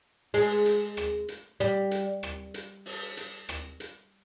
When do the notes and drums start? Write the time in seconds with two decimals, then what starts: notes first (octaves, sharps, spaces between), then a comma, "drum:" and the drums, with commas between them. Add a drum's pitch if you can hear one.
0.34 G#3, drum: open hi-hat
0.66 drum: hi-hat
0.97 drum: rim click
1.28 drum: hi-hat
1.60 G3
1.91 drum: hi-hat
2.23 drum: rim click
2.54 drum: hi-hat
2.86 drum: open hi-hat
3.17 drum: hi-hat
3.49 drum: rim click
3.80 drum: hi-hat